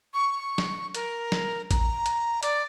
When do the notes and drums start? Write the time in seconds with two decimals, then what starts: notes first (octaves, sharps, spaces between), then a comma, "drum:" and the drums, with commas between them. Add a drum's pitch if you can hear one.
0.14 C#6
0.58 drum: snare
0.95 A#4, drum: hi-hat
1.32 drum: snare
1.71 A#5, drum: kick A1, hi-hat
2.06 drum: hi-hat
2.43 D5, drum: hi-hat